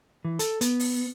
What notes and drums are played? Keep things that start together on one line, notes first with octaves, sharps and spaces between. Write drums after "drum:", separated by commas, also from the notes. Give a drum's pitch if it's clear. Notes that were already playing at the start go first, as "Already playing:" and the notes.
E3
A4, drum: hi-hat
B3, drum: hi-hat
drum: open hi-hat